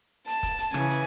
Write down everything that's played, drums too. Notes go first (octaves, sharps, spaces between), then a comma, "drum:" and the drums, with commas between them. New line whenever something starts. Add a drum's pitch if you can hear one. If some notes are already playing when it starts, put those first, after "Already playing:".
A5, drum: hi-hat
drum: kick, hi-hat
drum: hi-hat
C#3 E3 G#5, drum: rim click
drum: hi-hat